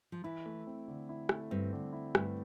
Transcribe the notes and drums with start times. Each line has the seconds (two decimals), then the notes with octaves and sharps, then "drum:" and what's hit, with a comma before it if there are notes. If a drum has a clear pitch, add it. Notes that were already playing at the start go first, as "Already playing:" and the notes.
0.12 F3
0.24 E3 E4
0.46 A3
0.67 C4
0.88 D3
1.09 E4
1.29 A3, drum: rim click
1.51 G2 C4
1.73 D3
1.93 E4
2.15 G2 A3, drum: rim click